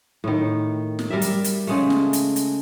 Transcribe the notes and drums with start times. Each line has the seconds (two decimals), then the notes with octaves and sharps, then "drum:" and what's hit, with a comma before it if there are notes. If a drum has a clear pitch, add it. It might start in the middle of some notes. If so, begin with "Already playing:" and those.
0.24 A2 D#3
0.99 drum: snare
1.10 G3 A#4 D5 E5
1.22 drum: hi-hat
1.44 drum: hi-hat
1.67 C#3 G#3 A3
1.90 drum: snare
2.13 drum: hi-hat
2.36 drum: hi-hat